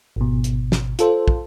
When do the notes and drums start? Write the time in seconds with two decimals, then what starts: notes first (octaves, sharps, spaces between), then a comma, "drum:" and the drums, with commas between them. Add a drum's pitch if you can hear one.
0.16 G#1 B2
0.44 drum: hi-hat
0.72 drum: snare
0.99 F4 A4 C5, drum: hi-hat
1.28 drum: kick